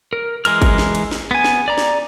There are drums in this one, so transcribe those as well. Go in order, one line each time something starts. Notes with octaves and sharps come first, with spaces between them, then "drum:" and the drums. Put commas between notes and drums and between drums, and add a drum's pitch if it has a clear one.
A#4
E3 G#3 A#4 F6, drum: cymbal
drum: kick G1, cymbal
drum: snare
drum: cymbal
drum: snare
B3 G#5
drum: snare
D5 A#5
drum: snare